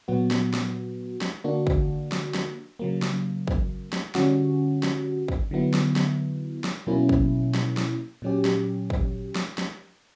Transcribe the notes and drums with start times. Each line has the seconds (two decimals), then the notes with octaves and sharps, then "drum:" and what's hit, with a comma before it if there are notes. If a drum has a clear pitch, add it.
0.08 A#2 F#3 B3 F#4
0.31 drum: snare
0.54 drum: snare
1.21 drum: snare
1.44 D3 A#3 D4 F#4
1.67 drum: kick
2.12 drum: snare
2.34 drum: snare
2.79 C#3 F#3 A#3
3.02 drum: snare
3.48 drum: kick
3.93 drum: snare
4.15 D3 G3 C#4 F#4, drum: snare
4.83 drum: snare
5.28 drum: kick
5.51 D3 F#3 B3 E4
5.74 drum: snare
5.96 drum: snare
6.64 drum: snare
6.87 B2 F#3 A#3 C#4 E4
7.09 drum: kick
7.55 drum: snare
7.77 drum: snare
8.22 A#2 F#3 C#4 G4
8.45 drum: snare
8.90 drum: kick
9.35 drum: snare
9.58 drum: snare